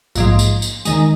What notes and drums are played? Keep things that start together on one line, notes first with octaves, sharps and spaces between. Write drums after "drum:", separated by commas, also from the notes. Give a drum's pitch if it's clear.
A#1 G#2 F3, drum: tambourine
drum: tambourine
drum: tambourine
D#2 D#3 G#3, drum: tambourine